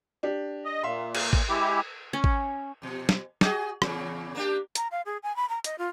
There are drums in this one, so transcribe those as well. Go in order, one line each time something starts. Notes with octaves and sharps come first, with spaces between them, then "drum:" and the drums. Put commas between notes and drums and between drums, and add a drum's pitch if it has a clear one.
D4 G4
D#5
A#2 E5 F5 C6
drum: cymbal
drum: kick G#1
G#3 E4 G4
C#4
drum: kick G#1
F2 B2
drum: snare
F#4 G#4 D#5, drum: snare
E2 A#2 C#3, drum: rim click
A#3 D4 G4
A#5, drum: hi-hat
F5
G#4
G#5
B5
A#5
D#5, drum: hi-hat
F4